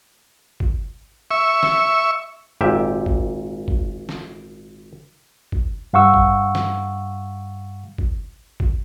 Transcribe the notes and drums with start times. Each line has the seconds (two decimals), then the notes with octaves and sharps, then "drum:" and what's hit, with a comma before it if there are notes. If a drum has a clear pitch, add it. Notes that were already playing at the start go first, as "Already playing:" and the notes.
0.60 drum: kick
1.31 E5 C#6
1.63 drum: snare
2.61 G#1 A#2 G4 E5
3.06 drum: kick
3.68 drum: kick
4.09 drum: snare
5.52 drum: kick
5.93 G2 F5 F#5 C#6 E6
6.14 drum: kick
6.55 drum: snare
7.98 drum: kick
8.60 drum: kick